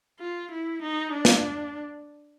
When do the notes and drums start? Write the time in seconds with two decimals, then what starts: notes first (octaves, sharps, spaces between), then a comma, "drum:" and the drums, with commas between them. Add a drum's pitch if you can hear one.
0.19 F4
0.51 E4
0.82 D#4
1.13 D4
1.25 drum: snare